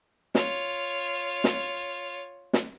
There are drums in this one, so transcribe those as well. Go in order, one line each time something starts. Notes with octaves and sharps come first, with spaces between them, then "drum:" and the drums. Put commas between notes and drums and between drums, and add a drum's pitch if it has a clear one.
F4 C#5, drum: snare
drum: snare
drum: snare